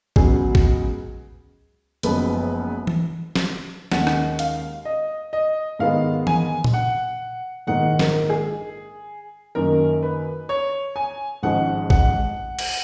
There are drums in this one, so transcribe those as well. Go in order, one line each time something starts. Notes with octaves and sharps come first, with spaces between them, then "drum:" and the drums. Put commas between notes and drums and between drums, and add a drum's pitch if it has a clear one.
C#2 C#3 F#3 B3 G#4, drum: kick
drum: kick
F#1 F#2 F3 G#3 B3 B4, drum: hi-hat
drum: tom E3
drum: snare
D#2 D#3 G#3 C#4 F#5, drum: snare
drum: rim click
F5, drum: hi-hat
D#5
D#5
G#2 D#3 G#3 B3 F5
G#5, drum: tom E3
drum: tom A#2
F#5
A#1 G#2 D#3 F#5
A#4, drum: snare
G#4
F#2 D#3 A#3 C#4 A#4
B4
C#5
G#5
G#1 G#2 F3 G#3 C#4 F#5
F#5, drum: kick
drum: cymbal